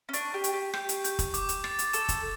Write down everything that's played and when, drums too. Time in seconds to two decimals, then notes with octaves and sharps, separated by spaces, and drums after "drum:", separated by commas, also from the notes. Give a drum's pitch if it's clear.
0.09 C#4
0.13 D4 C#6, drum: hi-hat
0.34 G4
0.44 C#6, drum: hi-hat
0.54 G4
0.74 G4 G6, drum: rim click
0.89 drum: hi-hat
1.04 G6, drum: hi-hat
1.19 drum: kick, hi-hat
1.34 D6, drum: hi-hat
1.49 drum: hi-hat
1.64 A6, drum: rim click
1.79 drum: hi-hat
1.93 A4 E7, drum: hi-hat
2.09 drum: kick, hi-hat